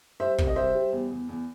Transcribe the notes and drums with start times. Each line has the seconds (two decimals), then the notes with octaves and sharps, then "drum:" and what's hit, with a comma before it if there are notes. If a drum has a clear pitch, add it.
0.20 G3 C5 E5
0.38 C2, drum: kick
0.47 D#5
0.56 G3 C5 E5
0.74 G3
0.93 E2
1.11 E2
1.29 E2